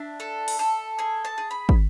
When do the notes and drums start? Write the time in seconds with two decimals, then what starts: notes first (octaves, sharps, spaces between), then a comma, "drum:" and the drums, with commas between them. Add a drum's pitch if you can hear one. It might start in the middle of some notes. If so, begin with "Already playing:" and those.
Already playing: D4 E5
0.20 A4
0.48 drum: open hi-hat
0.59 A4
0.99 G#4 G#5
1.25 A5
1.38 G#4
1.51 B5
1.69 drum: kick